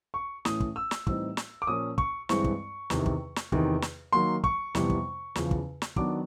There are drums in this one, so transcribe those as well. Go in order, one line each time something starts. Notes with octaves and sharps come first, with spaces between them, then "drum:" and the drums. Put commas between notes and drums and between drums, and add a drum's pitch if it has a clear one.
C#6
A2 E3 A3 C#4 D#6, drum: snare
drum: kick
E6
drum: snare
A2 E3 G3 C4 D#4 E6, drum: kick
drum: snare
D6
A#2 F3 A#3 C#4 D#6
C#6, drum: kick
G2 E3 G#3 C4 C#6, drum: snare
drum: kick
E2 C3 D#3, drum: snare
drum: kick
drum: snare
E2 C3 D#3, drum: kick
drum: snare
D#3 F#3 A#3 C6
C#6, drum: kick
F2 C3 E3 G3 B3, drum: snare
drum: kick
E2 C#3 F3, drum: snare
drum: kick
drum: snare
D#3 F#3 B3 D4 D6, drum: kick